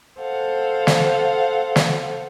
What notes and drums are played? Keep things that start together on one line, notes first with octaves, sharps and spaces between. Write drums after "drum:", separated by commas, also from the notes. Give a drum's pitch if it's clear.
A4 C5 F5 F#5
drum: snare
drum: snare